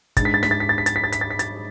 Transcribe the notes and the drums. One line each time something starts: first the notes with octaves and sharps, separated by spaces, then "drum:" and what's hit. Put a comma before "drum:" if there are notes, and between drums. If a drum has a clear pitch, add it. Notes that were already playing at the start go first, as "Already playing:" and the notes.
G#2 G#3 D4 A6, drum: kick, hi-hat
B6
A6
B6, drum: snare
A6
B6
A6
B6
A6, drum: hi-hat
B6
A6
B6, drum: hi-hat
A6
B6
A6, drum: hi-hat